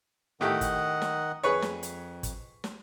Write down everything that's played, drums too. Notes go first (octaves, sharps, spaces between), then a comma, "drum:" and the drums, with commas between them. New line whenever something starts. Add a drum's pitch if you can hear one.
A2 D#3 G4 D#5 F#5
drum: kick, hi-hat
drum: snare
F2 G#4 B4 C#5
drum: snare
drum: hi-hat
drum: kick, hi-hat
drum: snare